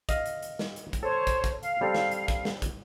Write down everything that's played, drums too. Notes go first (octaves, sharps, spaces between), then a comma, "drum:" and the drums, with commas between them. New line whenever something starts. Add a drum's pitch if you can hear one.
D#5 F5, drum: kick, hi-hat
drum: hi-hat
drum: hi-hat
drum: snare
drum: hi-hat
drum: kick, hi-hat
A4 C5 C#5
drum: kick, hi-hat
drum: kick, hi-hat
F5, drum: hi-hat
G3 C4 A4
drum: snare
drum: hi-hat
drum: kick, hi-hat
drum: snare
drum: kick, hi-hat